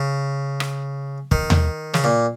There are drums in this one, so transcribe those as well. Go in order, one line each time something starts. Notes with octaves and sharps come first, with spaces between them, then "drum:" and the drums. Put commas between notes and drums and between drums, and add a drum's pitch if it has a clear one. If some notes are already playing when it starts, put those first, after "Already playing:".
Already playing: C#3
drum: rim click
D#3, drum: kick
drum: tom D#2
C#3, drum: snare
A#2